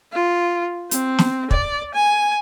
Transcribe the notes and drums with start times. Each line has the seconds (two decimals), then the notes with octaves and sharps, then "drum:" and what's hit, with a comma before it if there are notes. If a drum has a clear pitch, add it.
0.13 F4
0.91 C4, drum: hi-hat
1.19 drum: snare
1.51 D5, drum: kick
1.94 G#5